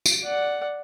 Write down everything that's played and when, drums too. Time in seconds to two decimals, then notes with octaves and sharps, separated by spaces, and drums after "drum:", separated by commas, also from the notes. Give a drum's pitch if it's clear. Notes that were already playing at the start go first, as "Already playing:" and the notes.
0.06 drum: tambourine
0.24 D5 F#5